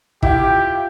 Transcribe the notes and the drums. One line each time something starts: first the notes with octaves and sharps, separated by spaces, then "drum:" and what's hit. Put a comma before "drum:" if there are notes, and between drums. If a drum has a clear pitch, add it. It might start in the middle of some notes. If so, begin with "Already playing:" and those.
E4 F4 G4, drum: kick